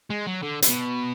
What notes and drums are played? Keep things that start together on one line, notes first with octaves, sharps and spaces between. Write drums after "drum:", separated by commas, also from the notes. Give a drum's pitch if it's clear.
G#3
F#3
D3
D3, drum: hi-hat
B2